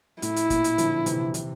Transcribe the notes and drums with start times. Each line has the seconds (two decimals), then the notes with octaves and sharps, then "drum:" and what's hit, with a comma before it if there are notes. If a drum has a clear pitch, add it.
0.22 A2 E4, drum: hi-hat
0.36 drum: hi-hat
0.50 A#2, drum: kick, hi-hat
0.64 drum: hi-hat
0.78 D3 F3, drum: hi-hat
1.06 C3 E3, drum: hi-hat
1.34 C3 E3, drum: hi-hat